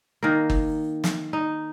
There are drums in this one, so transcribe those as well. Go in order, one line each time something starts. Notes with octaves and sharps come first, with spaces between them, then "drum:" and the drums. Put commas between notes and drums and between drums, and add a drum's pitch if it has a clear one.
D#3 A#3
drum: kick G1
drum: snare
D#4